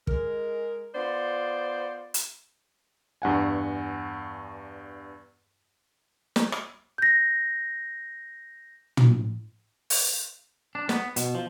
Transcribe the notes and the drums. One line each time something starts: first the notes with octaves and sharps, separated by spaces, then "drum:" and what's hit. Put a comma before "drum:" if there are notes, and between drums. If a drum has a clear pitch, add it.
G#3 A#4, drum: kick
B3 F4 C5 D5
drum: hi-hat
E2 G2 F#5 G#5
drum: snare
drum: rim click
G6 A#6
drum: tom
drum: open hi-hat
D4
B3, drum: snare
B2, drum: hi-hat
F3